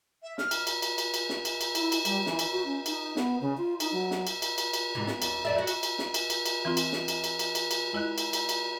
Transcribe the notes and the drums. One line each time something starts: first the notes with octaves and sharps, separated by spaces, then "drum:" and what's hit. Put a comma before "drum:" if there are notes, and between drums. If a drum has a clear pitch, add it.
E5
F6, drum: snare
drum: cymbal
drum: cymbal
drum: cymbal
drum: cymbal
drum: cymbal
drum: snare
drum: cymbal
drum: cymbal
E4, drum: cymbal
drum: cymbal
G3, drum: cymbal
E3, drum: snare
drum: cymbal
F#4
C#4
D#4, drum: cymbal
B3, drum: snare
C#3
F4
D#4, drum: cymbal
F#3
drum: snare
drum: cymbal
drum: cymbal
drum: cymbal
drum: cymbal
G#2 C3 E3
B3, drum: snare
E2, drum: cymbal
F2 D5 E5
F#4
drum: cymbal
drum: cymbal
drum: snare
drum: cymbal
drum: cymbal
drum: cymbal
E3 C4 F4
drum: cymbal
drum: snare
drum: cymbal
drum: cymbal
drum: cymbal
drum: cymbal
drum: cymbal
G#3 E4 D#5 F#6
drum: cymbal
drum: cymbal
drum: cymbal